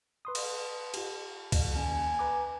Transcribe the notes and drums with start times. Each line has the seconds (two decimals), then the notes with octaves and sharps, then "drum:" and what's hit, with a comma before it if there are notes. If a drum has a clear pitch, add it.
0.25 B4 C6 D#6
0.35 drum: cymbal
0.94 F4 G4, drum: cymbal
1.52 drum: kick, cymbal
1.75 D#2 C#4 G#5
2.19 B4 A#5 D6